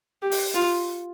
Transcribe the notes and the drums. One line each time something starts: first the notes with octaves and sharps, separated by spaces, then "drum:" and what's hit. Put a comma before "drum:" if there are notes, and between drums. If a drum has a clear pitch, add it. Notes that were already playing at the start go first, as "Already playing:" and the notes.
G4
drum: open hi-hat
F4